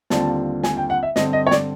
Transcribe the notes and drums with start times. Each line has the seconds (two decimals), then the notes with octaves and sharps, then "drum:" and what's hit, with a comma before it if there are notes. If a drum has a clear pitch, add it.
0.10 D#2 D3 G3 C4 F4 A5, drum: snare
0.63 G#5, drum: snare
0.77 G5
0.90 F#5
1.03 E5
1.16 G2 D3 G3 C4 D#5, drum: snare
1.33 D#5
1.47 C#5
1.51 D5, drum: snare